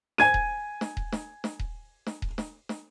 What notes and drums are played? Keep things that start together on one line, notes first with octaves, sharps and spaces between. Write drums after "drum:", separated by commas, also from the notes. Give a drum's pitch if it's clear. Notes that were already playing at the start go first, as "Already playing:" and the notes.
G#5 G#6 D#7, drum: snare
drum: kick D#1
drum: snare
drum: kick D#1
drum: snare
drum: snare
drum: kick D#1
drum: snare
drum: kick D#1
drum: snare
drum: snare